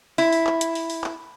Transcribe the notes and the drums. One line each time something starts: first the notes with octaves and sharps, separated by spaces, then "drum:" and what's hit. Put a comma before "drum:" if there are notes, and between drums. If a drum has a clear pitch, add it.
E4, drum: open hi-hat
drum: open hi-hat
drum: clap
drum: hi-hat
drum: open hi-hat
drum: open hi-hat
drum: clap